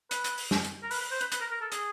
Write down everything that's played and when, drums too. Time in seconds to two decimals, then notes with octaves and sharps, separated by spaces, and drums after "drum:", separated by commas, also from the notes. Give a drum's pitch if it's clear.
0.11 B4, drum: hi-hat
0.24 drum: hi-hat
0.38 drum: open hi-hat
0.51 drum: snare
0.64 drum: hi-hat
0.83 A#4
0.91 B4, drum: open hi-hat
1.01 B4
1.11 C5
1.21 B4, drum: hi-hat
1.32 B4, drum: hi-hat
1.41 A#4
1.51 A#4
1.61 A4
1.72 G#4, drum: hi-hat